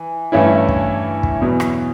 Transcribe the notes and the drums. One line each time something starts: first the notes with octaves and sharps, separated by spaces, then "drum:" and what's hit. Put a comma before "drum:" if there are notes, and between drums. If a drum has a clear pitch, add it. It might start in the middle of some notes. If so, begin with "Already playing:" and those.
Already playing: E3
G2 E3 A3 C#4 E4
drum: kick
drum: kick
E2 B2 F#3
drum: rim click